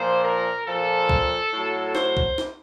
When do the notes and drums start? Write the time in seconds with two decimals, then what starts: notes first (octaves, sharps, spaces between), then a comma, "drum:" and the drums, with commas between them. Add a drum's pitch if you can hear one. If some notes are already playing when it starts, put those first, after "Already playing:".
Already playing: A#2 F3 C5
0.23 A#4
0.67 A#2 F3 A4
1.09 drum: kick
1.53 A2 F#3
1.95 C5, drum: snare
2.17 drum: kick
2.38 drum: snare